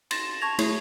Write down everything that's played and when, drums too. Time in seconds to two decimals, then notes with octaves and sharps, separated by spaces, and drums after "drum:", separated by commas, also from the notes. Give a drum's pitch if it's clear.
0.11 C6 A6 A#6 E7, drum: cymbal
0.41 A5 C#6 G#6 A#6 F7
0.59 A3 E4 G#4 C#5, drum: cymbal